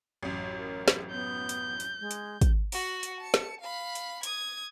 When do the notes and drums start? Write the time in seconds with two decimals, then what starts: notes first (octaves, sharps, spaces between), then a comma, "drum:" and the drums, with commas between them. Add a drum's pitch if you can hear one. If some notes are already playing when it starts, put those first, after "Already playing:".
0.23 A1 F#2
0.58 A#4
0.88 drum: snare
1.11 B3 G6
1.49 drum: hi-hat
1.80 drum: hi-hat
2.00 G#3
2.11 drum: hi-hat
2.41 drum: kick, hi-hat
2.72 F#4 F#5, drum: open hi-hat
3.03 drum: hi-hat
3.20 A5 C#7
3.34 drum: snare
3.61 F5 B5
3.95 drum: hi-hat
4.23 D#6 G#6, drum: hi-hat